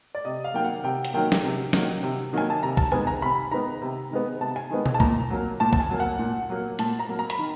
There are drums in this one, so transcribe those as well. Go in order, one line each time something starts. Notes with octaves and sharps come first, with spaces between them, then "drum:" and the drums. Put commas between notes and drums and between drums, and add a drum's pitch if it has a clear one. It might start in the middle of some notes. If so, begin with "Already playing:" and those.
D5
C3 D#5
F5
D#3 F#3 A#3 G5
F#5
C3 G5
drum: hi-hat
D#3 F#3 A#3 G5
drum: snare
C3
D#3 F#3 A#3, drum: snare
C3
D#3 F#3 A#3 G#5
A5
C3 A#5
A5, drum: kick
D#3 G#3 B3 G#5
A#5
C3 B5
D#3 G#3 B3 A#5
C3
D#3 G#3 B3
C3 A5
G#5
D#3 G#3 B3
G#5, drum: tom B2
A5
A#2 A#5, drum: kick
F#3 A#3
A#2 A5
A5, drum: kick
G#5
F#3 A#3
F#5
A#2
F#3 A#3
A#2 A5, drum: hi-hat
A#5
F#3 A#3
A#5
B5, drum: hi-hat
D#3